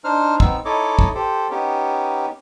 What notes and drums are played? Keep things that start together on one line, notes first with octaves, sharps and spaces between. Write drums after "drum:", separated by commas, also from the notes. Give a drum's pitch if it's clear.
D4 D#4 C5 F6
B3 C4 D#4 E6, drum: kick
D#4 E4 A4 C#5 D#5 D6
drum: kick
G4 A4 C5
B3 C#4 D#4 G4